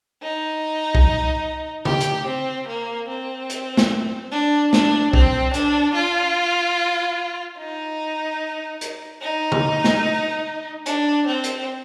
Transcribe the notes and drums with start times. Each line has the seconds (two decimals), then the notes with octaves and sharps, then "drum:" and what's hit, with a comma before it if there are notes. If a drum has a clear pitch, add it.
0.22 D#4
0.95 drum: kick B1
1.85 G4, drum: tom C#3
2.01 drum: hi-hat
2.27 C4
2.67 A#3
3.08 C4
3.50 drum: hi-hat
3.77 drum: snare
4.31 D4
4.73 D4, drum: snare
5.13 C4, drum: kick B1
5.54 D4, drum: hi-hat
5.94 F4
7.58 D#4
8.81 drum: hi-hat
9.21 D#4
9.52 drum: tom C#3
9.84 drum: snare
10.86 D4, drum: hi-hat
11.27 C4
11.44 drum: hi-hat